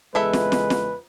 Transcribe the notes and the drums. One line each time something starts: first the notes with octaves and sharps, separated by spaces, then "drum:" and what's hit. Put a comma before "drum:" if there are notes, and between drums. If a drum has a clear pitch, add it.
E2 C#3 G#3 E4 A4 B4 E5
drum: snare
drum: snare
drum: snare